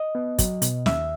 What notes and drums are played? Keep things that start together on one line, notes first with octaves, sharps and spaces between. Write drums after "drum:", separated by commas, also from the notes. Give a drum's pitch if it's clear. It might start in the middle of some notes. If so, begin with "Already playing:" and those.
Already playing: D#5
B3
F#3, drum: kick, hi-hat
B2, drum: hi-hat
D#2 E5, drum: snare